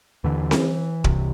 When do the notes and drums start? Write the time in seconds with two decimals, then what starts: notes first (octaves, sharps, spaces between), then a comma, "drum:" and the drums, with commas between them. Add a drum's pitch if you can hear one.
0.24 D#2 D3 E3
0.51 drum: snare C4
1.04 C2 C3, drum: kick D1